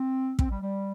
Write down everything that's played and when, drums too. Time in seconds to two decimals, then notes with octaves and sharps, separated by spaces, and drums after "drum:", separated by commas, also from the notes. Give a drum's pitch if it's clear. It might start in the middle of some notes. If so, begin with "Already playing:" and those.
Already playing: C4
0.39 C4, drum: kick
0.50 G3
0.62 G3